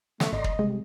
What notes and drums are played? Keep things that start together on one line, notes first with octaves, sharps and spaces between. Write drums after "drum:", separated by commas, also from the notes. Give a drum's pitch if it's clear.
C#3 A3, drum: snare
G#1 D5 D#5 A#5 C6
drum: kick
C3 G3 G#3